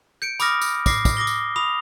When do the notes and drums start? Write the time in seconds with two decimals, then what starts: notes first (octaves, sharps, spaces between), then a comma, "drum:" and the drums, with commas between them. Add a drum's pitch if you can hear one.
0.22 G6 C#7 D7
0.40 B5 D6 D#6 F6 A#6, drum: tambourine
0.61 drum: tambourine
0.86 D6 A#6 C7, drum: kick, tambourine
1.05 drum: kick, tambourine
1.17 D6 D#6 A#6 G7
1.27 drum: tambourine
1.56 B5 D#6 F7